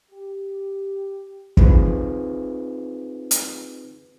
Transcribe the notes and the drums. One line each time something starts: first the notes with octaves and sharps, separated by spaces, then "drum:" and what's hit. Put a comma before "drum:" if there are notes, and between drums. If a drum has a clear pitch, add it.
G4
C4 D#4 F4 G#4 B4, drum: kick
drum: hi-hat